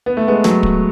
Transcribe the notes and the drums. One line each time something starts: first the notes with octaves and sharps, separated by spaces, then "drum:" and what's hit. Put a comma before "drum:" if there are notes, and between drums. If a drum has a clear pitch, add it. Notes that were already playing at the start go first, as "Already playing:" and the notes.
B3
A3
G#3 B3
F#3 A3, drum: snare
drum: kick